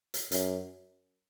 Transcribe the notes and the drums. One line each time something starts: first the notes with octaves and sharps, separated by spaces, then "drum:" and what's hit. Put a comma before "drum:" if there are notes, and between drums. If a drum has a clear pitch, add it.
drum: hi-hat
F#2, drum: hi-hat